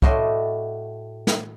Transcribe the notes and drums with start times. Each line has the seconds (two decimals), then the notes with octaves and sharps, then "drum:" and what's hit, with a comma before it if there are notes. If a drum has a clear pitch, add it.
0.02 A2 E4 F#4 D5 D#5 C6, drum: kick
1.27 drum: snare